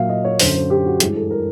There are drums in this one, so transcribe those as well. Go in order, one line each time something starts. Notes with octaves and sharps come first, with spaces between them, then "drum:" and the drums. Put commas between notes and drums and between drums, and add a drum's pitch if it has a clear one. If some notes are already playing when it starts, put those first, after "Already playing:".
Already playing: A#2 F#3 A#3 E5 F5
D#5
C#5
F#2 D3 F#3 C5, drum: open hi-hat
C5
G4
F#4
G2 E3 G#3 G#4, drum: hi-hat
A4
A#4